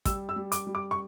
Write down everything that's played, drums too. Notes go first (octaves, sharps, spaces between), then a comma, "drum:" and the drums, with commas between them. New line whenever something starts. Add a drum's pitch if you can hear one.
G3 E6, drum: kick, hi-hat
E6
G3
D6, drum: hi-hat
G3
D6
C#6